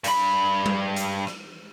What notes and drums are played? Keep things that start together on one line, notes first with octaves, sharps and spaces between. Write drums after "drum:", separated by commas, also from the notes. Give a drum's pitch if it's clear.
G2 B5, drum: hi-hat
drum: tom G3
drum: hi-hat
drum: rim click